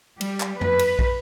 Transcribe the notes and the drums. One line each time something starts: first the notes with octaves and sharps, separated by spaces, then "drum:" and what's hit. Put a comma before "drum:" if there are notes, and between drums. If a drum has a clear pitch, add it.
G3, drum: cymbal
drum: clap
B4, drum: tom F2
drum: cymbal
drum: kick